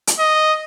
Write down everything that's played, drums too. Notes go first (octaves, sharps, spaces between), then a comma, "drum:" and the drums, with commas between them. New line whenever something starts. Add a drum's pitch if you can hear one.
drum: hi-hat
D#5